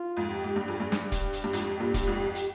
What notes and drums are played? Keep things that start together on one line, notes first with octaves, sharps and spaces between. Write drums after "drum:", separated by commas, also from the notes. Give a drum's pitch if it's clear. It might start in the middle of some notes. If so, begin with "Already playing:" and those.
Already playing: F4
F2 G#2
G4
G#2
G2
F2 G#4
G2
drum: snare
G4, drum: kick, hi-hat
drum: hi-hat
G2
F2 G#2, drum: hi-hat
G2 A#2
drum: kick, hi-hat
F2 G#2
drum: hi-hat